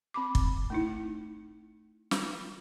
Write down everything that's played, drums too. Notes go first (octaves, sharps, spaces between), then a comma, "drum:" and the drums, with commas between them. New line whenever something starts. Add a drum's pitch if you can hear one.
C4 B5 D6
drum: kick
A3 D#4 E4
drum: snare